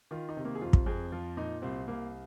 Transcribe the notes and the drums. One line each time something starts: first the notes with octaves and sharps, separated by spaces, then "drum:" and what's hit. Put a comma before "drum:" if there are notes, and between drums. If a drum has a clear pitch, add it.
D#3 F4
D#4
C3
A#3
G#4
F2 F4
drum: kick
F2 G#4
F3 F4
A#2 D#4
C2 C4
C2 A#3